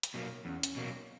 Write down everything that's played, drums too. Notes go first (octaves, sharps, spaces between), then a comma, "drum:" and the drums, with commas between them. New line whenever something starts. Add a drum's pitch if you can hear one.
drum: hi-hat
B2 F#3 A#3
E2 C#4
drum: hi-hat
B2 F#3 A#3